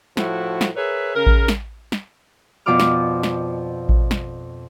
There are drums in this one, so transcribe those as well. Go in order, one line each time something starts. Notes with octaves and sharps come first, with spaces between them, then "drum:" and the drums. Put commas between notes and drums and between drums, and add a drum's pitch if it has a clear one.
A2 F3 E4 F#4, drum: snare
drum: snare
G#4 A#4 B4 C#5 E5
C#3 A#4
drum: kick A1
drum: snare
drum: snare
F2 B2 F3 D5 D6 F6
drum: snare
drum: snare
drum: kick A1
drum: snare